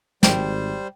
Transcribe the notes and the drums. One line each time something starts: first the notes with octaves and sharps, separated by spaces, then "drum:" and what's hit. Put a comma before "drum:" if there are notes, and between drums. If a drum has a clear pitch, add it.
G#1 G3 C5 G5, drum: snare